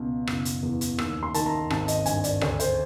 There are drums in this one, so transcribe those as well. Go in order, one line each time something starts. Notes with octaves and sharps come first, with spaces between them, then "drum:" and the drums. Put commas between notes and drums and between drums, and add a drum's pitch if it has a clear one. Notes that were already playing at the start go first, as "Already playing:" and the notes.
Already playing: C#2 B2
F#1, drum: rim click
drum: hi-hat
E2
drum: hi-hat
D#2 E6, drum: rim click
C6
D#3 A5, drum: hi-hat
A#5
G#1 A5, drum: rim click
D#5, drum: hi-hat
G2 G#5, drum: hi-hat
D5, drum: hi-hat
D2 C#5, drum: rim click
C5, drum: hi-hat